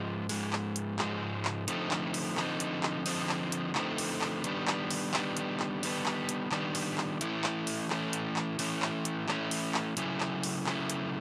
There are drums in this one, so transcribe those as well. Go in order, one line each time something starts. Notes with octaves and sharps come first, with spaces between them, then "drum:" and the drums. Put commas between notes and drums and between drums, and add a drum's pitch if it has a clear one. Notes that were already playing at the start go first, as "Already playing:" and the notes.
Already playing: G#2 F3 G#3
G#2 F3 G#3, drum: open hi-hat
drum: clap
drum: hi-hat
G#2 F3 G#3, drum: clap
drum: clap
D3 F3 A3 C4 D#4, drum: hi-hat
drum: clap
drum: open hi-hat
D3 F3 A3 C4 D#4, drum: clap
drum: hi-hat
drum: clap
D3 F3 A3 C4 D#4, drum: open hi-hat
drum: clap
drum: hi-hat
D3 F3 A3 C4 D#4, drum: clap
drum: open hi-hat
drum: clap
D#3 G3 B3 D4, drum: hi-hat
drum: clap
drum: open hi-hat
D#3 G3 B3 D4, drum: clap
drum: hi-hat
drum: clap
D#3 G3 B3 D4, drum: open hi-hat
drum: clap
drum: hi-hat
D#3 G3 B3 D4, drum: clap
drum: open hi-hat
drum: clap
E3 A3 C#4 E4, drum: hi-hat
drum: clap
drum: open hi-hat
E3 A3 C#4 E4, drum: clap
drum: hi-hat
drum: clap
E3 A3 C#4 E4, drum: open hi-hat
drum: clap
drum: hi-hat
E3 A3 C#4 E4, drum: clap
drum: open hi-hat
drum: clap
C#3 F#3 A3 C#4 E4, drum: hi-hat
drum: clap
drum: open hi-hat
C#3 F#3 A3 C#4 E4, drum: clap
drum: hi-hat